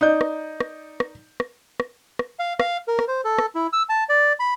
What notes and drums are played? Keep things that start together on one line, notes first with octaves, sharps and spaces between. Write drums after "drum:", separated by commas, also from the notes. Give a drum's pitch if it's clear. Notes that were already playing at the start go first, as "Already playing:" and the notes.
D#4 D5 G6
drum: rim click
drum: rim click
drum: rim click
drum: rim click
drum: rim click
drum: rim click
F5
F5, drum: rim click
A#4
drum: rim click
C5
A4
drum: rim click
E4
E6
A5
D5
B5